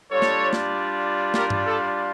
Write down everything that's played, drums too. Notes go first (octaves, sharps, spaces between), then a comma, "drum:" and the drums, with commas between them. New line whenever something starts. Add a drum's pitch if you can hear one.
G3 D4 F4 A4 C#5
drum: snare
drum: snare
G4 A#4, drum: snare
drum: tom G2
A4